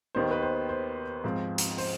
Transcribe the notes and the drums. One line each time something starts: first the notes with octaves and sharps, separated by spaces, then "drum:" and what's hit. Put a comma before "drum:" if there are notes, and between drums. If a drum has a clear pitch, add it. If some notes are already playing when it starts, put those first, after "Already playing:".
D#2 D#3 B3 D#4 C5
B4
C5
C5
G#2 F3 C4
drum: hi-hat
C5, drum: open hi-hat